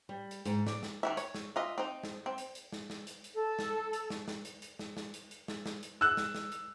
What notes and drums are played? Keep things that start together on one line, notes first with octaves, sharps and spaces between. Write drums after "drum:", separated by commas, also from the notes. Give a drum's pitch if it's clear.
G3
drum: hi-hat
G#2, drum: hi-hat
D5, drum: snare
drum: snare
D#3 E3 E5
C#5, drum: hi-hat
drum: snare
F4 D#5 E5
C4 D#4
drum: snare
C4
drum: hi-hat
drum: hi-hat
drum: snare
drum: snare
drum: hi-hat
drum: hi-hat
A4
drum: snare
drum: hi-hat
drum: snare
drum: snare
drum: hi-hat
drum: hi-hat
drum: snare
drum: snare
drum: hi-hat
drum: hi-hat
drum: snare
drum: snare
drum: hi-hat
E6 F#6
drum: snare
drum: snare
drum: hi-hat